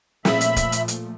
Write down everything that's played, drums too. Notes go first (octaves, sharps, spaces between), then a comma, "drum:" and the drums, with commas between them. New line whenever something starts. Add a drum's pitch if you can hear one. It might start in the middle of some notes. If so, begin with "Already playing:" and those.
A#2 F3 A3 E5 B5, drum: snare
drum: hi-hat
drum: kick, hi-hat
drum: hi-hat
drum: hi-hat